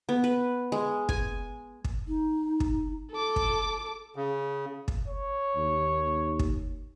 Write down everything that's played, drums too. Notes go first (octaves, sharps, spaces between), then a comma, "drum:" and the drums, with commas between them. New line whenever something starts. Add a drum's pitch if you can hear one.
B3
B4
G#3
G#5, drum: kick
drum: kick
D#4
drum: kick
A4 D6
drum: kick
C#3
drum: kick
C#5
D#2
drum: kick